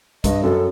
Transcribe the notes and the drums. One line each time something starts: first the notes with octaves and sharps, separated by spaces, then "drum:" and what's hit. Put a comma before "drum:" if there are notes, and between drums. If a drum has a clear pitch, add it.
G2 D#5, drum: kick, hi-hat
F#2 A4